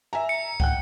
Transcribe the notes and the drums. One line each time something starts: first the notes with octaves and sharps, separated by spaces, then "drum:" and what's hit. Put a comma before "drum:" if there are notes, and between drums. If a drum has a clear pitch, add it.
E5 G#5 A#5
C#7
F#5 G5 F#6, drum: kick